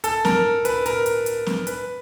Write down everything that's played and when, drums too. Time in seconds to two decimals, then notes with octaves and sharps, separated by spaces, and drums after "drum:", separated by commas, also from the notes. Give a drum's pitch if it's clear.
0.04 A4, drum: hi-hat
0.25 A#4, drum: snare C4
0.65 B4, drum: hi-hat
0.86 A#4, drum: hi-hat
1.06 drum: hi-hat
1.26 drum: hi-hat
1.46 drum: snare C4
1.67 B4, drum: hi-hat